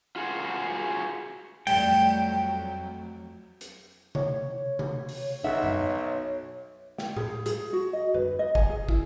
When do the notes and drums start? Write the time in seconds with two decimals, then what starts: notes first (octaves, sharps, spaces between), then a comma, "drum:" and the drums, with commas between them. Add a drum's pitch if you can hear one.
0.16 F4 F#4 G#4
1.67 F2 F#3 G3 A3 G5, drum: cymbal
3.61 drum: hi-hat
4.15 C#5, drum: tom C3
4.79 drum: tom C3
5.09 drum: open hi-hat
5.44 B1 D#4 E5 F#5
5.64 drum: tom F#2
6.98 G5, drum: snare
7.16 G#4, drum: tom A2
7.46 G#4, drum: hi-hat
7.73 F#4
7.93 D#5
8.14 B4, drum: tom F#2
8.39 D#5
8.55 G#5, drum: kick
8.70 G#4
8.89 E4, drum: kick